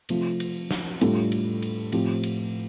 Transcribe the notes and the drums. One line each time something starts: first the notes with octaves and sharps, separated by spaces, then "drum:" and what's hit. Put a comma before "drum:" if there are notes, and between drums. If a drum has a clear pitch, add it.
C3 F3 A3 F4, drum: cymbal
drum: cymbal
drum: snare
A2 G3 D4 F4 A4, drum: cymbal
drum: cymbal
drum: cymbal
A2 F3 C4 G4, drum: cymbal
drum: cymbal